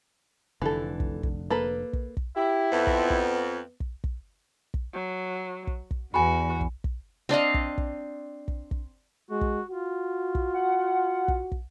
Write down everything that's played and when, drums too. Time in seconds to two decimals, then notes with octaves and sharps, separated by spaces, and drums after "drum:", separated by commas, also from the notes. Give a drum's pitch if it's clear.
0.62 F1 D3 E3 A4
1.00 drum: kick
1.23 drum: kick
1.50 A#3 A4 B4
1.93 drum: kick
2.17 drum: kick
2.36 E4 G4
2.72 F2 B3
2.87 drum: kick
3.10 drum: kick
3.80 drum: kick
4.04 drum: kick
4.74 drum: kick
4.94 F#3
5.67 drum: kick
5.91 drum: kick
6.14 E2 F#4 G#5 B5
6.61 drum: kick
6.84 drum: kick
7.29 C4 D4 D#5 F5
7.54 drum: kick
7.78 drum: kick
8.48 drum: kick
8.71 drum: kick
9.31 G#3 F#4
9.41 drum: kick
9.69 F4 F#4
10.35 drum: kick
10.54 F#5
11.28 drum: kick
11.52 drum: kick